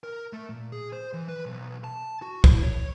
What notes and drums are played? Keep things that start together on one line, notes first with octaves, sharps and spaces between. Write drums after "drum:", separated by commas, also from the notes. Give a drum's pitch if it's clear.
A#4
A3
A#2
G#4
C5
E3
B4
B1
A5
F#4
E4, drum: kick
C#5